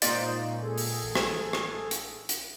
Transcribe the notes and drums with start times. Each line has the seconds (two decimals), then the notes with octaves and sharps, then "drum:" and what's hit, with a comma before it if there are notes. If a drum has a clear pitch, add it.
0.02 A#2 G#3 A#3 D#4 F4 C5 D5 D#5, drum: hi-hat
0.47 C#4
0.62 G#4 A4
0.78 drum: open hi-hat
1.03 A1
1.15 drum: rim click
1.53 drum: rim click
1.91 drum: hi-hat
2.29 drum: hi-hat